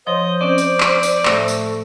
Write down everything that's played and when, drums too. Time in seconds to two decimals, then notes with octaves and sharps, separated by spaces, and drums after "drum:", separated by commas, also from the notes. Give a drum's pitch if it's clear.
0.07 F3 C5 C#5 D#5 C6
0.41 C4 C#4 D5
0.58 drum: tambourine
0.80 drum: clap
1.03 drum: tambourine
1.25 A2 A3 E6 A#6, drum: clap
1.48 drum: tambourine